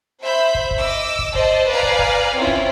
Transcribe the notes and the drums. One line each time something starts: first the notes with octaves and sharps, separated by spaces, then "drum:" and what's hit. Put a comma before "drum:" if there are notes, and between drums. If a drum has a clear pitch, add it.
C5 E5 B5 G6
drum: kick
drum: kick
D#5 D6 E6
drum: kick
C5 D5 D#5 A5, drum: kick
B4 D5 F5 G#5 A#5
drum: kick
drum: kick
C4 C#4 E4 F4
drum: kick